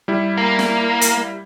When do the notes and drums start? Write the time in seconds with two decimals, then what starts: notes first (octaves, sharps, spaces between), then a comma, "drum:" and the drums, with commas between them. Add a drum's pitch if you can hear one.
0.08 G3 E4
0.37 A#3
0.59 drum: snare
1.01 drum: hi-hat